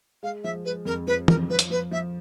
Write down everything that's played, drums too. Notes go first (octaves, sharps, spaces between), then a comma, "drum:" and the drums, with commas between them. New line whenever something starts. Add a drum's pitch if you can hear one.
G#3 F5
F3 E5
G#3 B4
F2 A#4
F3 B4
F2 A#4, drum: tom E3
F3 B4
drum: hi-hat
F3 B4
F3 E5